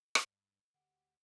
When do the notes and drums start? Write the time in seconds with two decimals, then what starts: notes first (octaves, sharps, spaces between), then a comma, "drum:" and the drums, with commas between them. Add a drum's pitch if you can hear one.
0.15 G2, drum: rim click
0.74 D2 G4 F#5